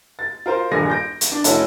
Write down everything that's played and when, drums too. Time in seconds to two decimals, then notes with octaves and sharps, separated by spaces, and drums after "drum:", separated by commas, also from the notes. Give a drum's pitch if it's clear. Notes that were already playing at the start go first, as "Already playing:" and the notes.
0.19 A6
0.46 F4 A#4 C5
0.71 D#1 A#1 G2 A#2 G#5 A#6
0.90 G6 A#6 D7
1.21 drum: hi-hat
1.32 D4
1.44 F1 C#4 E4 F#4 F#5 A5, drum: hi-hat